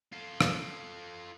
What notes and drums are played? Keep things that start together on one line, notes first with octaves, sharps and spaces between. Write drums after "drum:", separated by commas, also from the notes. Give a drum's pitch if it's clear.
F4 A4
drum: rim click